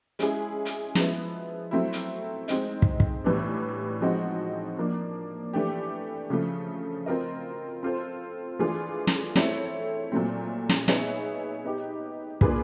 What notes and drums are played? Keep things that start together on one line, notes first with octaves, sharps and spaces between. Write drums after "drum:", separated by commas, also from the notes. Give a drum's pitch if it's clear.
G#3 C#4 E4 G#4, drum: hi-hat
drum: hi-hat
F3 G#3 B3 E4, drum: snare
F#3 A3 C4 E4
drum: hi-hat
G#3 C4 D#4, drum: hi-hat
drum: kick
drum: kick
A2 E3 G3 B3 D4
F3 G#3 C4 D#4 F#4
F3 A#3 D4
E3 A3 D4 G4
C#3 F3 A3
C4 F4 A#4 D#5
C4 F4 A4 C5
E3 A3 D4 F4 G#4
drum: snare
A3 C4 E4 A4 C#5, drum: snare
A#2 F#3 A3 C4
drum: snare
B3 D#4 G#4 C#5 E5, drum: snare
B3 D#4 G4
A#3 D4 F4 G#4 B4, drum: kick